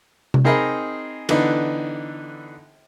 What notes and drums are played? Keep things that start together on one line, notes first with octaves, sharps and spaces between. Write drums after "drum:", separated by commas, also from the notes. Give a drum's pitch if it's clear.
drum: tom C3
C4 D#4 G#4 A#4 D#5 B5
D3 E3 B3 D4 D#4, drum: cymbal